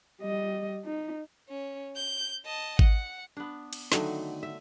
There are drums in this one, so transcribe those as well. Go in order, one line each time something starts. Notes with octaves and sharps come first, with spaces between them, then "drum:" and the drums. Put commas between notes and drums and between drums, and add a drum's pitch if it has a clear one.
G3 D#5
D#4
C#4
G6
D#5 A5
F#5, drum: kick G#1
B3 D4
drum: cymbal
D3 D#3 F#3 A3, drum: snare
E5